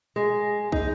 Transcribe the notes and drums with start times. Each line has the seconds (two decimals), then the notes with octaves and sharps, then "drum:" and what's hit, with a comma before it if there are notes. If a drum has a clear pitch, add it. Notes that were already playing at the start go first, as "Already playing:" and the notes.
0.16 G#3
0.72 D#4, drum: kick